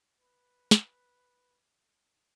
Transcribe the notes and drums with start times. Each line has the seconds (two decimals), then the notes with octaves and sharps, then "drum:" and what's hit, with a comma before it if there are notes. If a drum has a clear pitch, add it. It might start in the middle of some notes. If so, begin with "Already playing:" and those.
0.19 B4
0.71 drum: snare